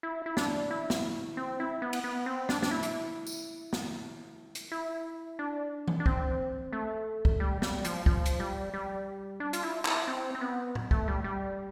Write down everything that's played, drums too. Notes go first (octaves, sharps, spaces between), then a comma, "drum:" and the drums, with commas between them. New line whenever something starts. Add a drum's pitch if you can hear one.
E4
E4
D4, drum: snare
E4
drum: snare
C4
E4
B3
drum: cymbal
B3
C4
D4, drum: snare
D4, drum: snare
E4
drum: hi-hat
drum: tambourine
drum: snare
drum: hi-hat
E4
D4
drum: tom E3
D4
C4, drum: kick
A3
drum: kick
G3
G3, drum: snare
F3, drum: hi-hat
F3, drum: kick
drum: hi-hat
G3
G3
D4
F4, drum: hi-hat
E4
E4, drum: clap
C4
C4
B3
drum: tom A2
A3, drum: kick
G3
G3